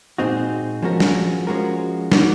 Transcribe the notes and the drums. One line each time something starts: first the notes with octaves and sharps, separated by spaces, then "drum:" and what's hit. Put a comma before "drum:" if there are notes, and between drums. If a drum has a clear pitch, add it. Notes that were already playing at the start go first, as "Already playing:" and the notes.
A#2 G#3 C4 D#4 F#4
F3 G#3 C#4 F#4 A#4
drum: snare
F3 G#3 C#4 F#4 A#4
D#3 A#3 D#4 F#4, drum: snare